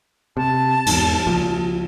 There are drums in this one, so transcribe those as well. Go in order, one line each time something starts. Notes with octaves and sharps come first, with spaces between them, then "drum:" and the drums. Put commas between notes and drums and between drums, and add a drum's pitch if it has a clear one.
C3 A5
E2 G#2, drum: cymbal
C#2 A#2 F3